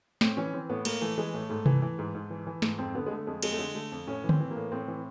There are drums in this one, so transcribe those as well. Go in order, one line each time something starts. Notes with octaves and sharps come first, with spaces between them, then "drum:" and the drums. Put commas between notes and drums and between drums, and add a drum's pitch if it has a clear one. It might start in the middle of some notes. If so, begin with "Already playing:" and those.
A2 C4, drum: snare
E3 C#4
E3 C4
A2 B3
A2 A#3, drum: cymbal
E3 A3
E3 G#3
A2 A3
G#2 A3
E3, drum: tom C3
E3
G#2
G#2
E3
E3
G#2, drum: snare
F2 C4
D3 B3
G#3
D3 A3
F2 G#3
F2 G#3, drum: cymbal
A3
D3 G#3
D3 A3
F2
A2 C#4
E3
C4, drum: tom D3
E3
A#3
A2
A2 C4
E3